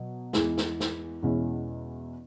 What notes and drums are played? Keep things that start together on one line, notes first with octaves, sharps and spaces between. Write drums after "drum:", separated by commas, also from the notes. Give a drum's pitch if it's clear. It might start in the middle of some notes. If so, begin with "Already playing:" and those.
Already playing: B2 F#3
E2 E3 G#3, drum: snare
drum: snare
drum: snare
E2 B2 G#3 C#4 E4